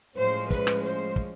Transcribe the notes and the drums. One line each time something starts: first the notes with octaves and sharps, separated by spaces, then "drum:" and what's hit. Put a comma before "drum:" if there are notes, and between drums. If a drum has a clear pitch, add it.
A2 F3 G#3 C#4 C5
B4, drum: kick
drum: rim click
C5
drum: kick